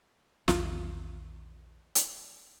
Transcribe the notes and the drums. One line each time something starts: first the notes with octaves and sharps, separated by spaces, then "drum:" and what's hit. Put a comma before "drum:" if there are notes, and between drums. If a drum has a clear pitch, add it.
A#1 E2 D#3 F4, drum: snare
drum: hi-hat